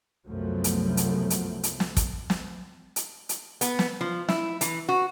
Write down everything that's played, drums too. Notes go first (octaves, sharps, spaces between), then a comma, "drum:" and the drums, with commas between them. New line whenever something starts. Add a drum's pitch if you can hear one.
C2 F#2 F3 F#3 A3 B3
drum: hi-hat
drum: hi-hat
drum: hi-hat
drum: hi-hat
drum: snare
drum: kick, hi-hat
drum: snare
drum: hi-hat
drum: hi-hat
B3, drum: hi-hat
drum: snare
F3
E4, drum: snare
E3, drum: hi-hat
F#4